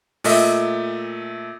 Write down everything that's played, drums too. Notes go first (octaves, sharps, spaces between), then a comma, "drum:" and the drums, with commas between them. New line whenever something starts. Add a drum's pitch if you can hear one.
A#2 A3 D#5 E5, drum: open hi-hat